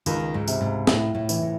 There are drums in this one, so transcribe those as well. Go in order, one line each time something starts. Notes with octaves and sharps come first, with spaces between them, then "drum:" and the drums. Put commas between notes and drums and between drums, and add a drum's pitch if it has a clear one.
C#2 D#3, drum: tambourine
G#2
C3, drum: tambourine
G#2
A2 E4, drum: snare
A2
E3, drum: tambourine
A2